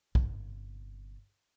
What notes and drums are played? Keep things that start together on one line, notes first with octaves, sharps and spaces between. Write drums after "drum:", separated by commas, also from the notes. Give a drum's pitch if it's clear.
G1 C3, drum: kick